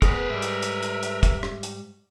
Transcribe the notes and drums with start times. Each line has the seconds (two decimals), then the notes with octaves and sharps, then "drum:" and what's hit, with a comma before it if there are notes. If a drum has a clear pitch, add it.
0.02 B3 G#4 A#4 B4 D5, drum: kick, hi-hat
0.30 G#2 G3 E5
0.42 drum: hi-hat
0.62 drum: hi-hat
0.83 drum: hi-hat
1.03 drum: hi-hat
1.23 drum: kick, hi-hat
1.43 drum: rim click
1.63 drum: hi-hat